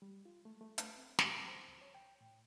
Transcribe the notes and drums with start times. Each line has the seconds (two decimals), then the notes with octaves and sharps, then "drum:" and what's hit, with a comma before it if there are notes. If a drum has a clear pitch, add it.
0.02 G3
0.25 F4
0.45 A3
0.61 A3
0.78 B4, drum: hi-hat
0.97 C4
1.19 drum: snare
1.33 A5
1.48 C5
1.68 C#2
1.81 C#5
1.95 G5
2.21 A2